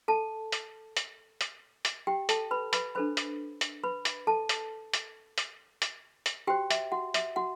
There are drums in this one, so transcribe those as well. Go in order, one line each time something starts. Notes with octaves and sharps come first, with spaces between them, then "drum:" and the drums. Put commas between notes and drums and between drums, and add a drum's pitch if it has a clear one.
A4 A5
drum: hi-hat
drum: hi-hat
drum: hi-hat
drum: hi-hat
G4 G5
A4 A5, drum: hi-hat
B4 B5
B4 B5, drum: hi-hat
D4 A4 B4 C5 B5
drum: hi-hat
drum: hi-hat
B4 B5
drum: hi-hat
A4 A5
drum: hi-hat
drum: hi-hat
drum: hi-hat
drum: hi-hat
drum: hi-hat
F#4 G4 C5 G5
E5, drum: hi-hat
F#4 F#5
E5, drum: hi-hat
F#4 F#5